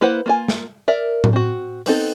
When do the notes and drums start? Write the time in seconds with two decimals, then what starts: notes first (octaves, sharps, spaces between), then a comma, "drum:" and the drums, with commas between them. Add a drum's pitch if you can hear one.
0.01 A#3 E4 B4 C5 F#5
0.26 A#3 F4 G#5
0.48 drum: snare
0.88 A#4 D5 E5
1.24 drum: tom A2
1.33 C4 F#4
1.86 B3 C4 D#4 A4, drum: open hi-hat